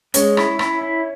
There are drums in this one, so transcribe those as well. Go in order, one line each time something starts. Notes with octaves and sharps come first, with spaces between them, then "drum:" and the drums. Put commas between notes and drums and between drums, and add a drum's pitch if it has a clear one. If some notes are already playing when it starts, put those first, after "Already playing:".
G#3 C#4, drum: hi-hat
E4, drum: rim click
E4, drum: rim click
E4